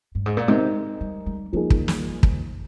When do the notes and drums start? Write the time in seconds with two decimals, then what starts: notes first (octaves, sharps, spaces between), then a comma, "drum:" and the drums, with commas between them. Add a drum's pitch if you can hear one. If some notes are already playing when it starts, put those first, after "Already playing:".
0.15 G2
0.26 G#2
0.37 A#2
0.48 C3 G#3 D#4 A#4
1.01 G3
1.26 G3
1.53 F3 G3 A#3 D#4 G#4
1.70 drum: kick
1.88 drum: snare
2.23 drum: kick